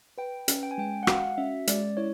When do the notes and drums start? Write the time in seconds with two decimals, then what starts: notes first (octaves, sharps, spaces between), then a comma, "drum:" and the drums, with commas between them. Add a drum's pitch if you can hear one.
0.18 B4 G5
0.48 C#4, drum: hi-hat
0.63 G5
0.71 G#5
0.78 G#3 G5
1.03 F#5
1.07 F#4 F5, drum: rim click
1.38 C#4 E5
1.67 G#3 D5, drum: hi-hat
1.97 E4 C#5